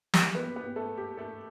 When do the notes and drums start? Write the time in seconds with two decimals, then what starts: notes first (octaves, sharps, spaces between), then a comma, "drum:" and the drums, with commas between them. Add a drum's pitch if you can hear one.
0.14 G4 G5, drum: snare
0.35 B3 B4
0.56 B3 B4
0.76 A3 A4
0.98 G4
1.17 A3 A4